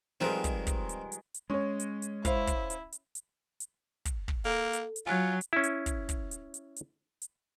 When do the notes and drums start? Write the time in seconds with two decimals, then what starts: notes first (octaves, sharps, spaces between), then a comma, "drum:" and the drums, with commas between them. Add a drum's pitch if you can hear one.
0.20 D#3 F3 G3 G#3 C4 D#4 A#4 B4
0.44 drum: kick, hi-hat
0.67 drum: kick, hi-hat
0.89 drum: hi-hat
1.12 drum: hi-hat
1.34 drum: hi-hat
1.50 G#3 C#4 C#5
1.80 drum: hi-hat
2.02 drum: hi-hat
2.25 E4 C5 F5, drum: kick, hi-hat
2.47 drum: kick, hi-hat
2.70 drum: hi-hat
2.92 drum: hi-hat
3.15 drum: hi-hat
3.60 drum: hi-hat
4.05 drum: kick, hi-hat
4.28 drum: kick
4.45 A#3 A4
4.73 drum: hi-hat
4.96 drum: hi-hat
5.06 F#3 F4 G#5 F#6 G#6
5.41 drum: hi-hat
5.53 C#4 E4
5.63 drum: hi-hat
5.86 drum: kick, hi-hat
6.09 drum: kick, hi-hat
6.31 drum: hi-hat
6.54 drum: hi-hat
6.76 drum: hi-hat
7.22 drum: hi-hat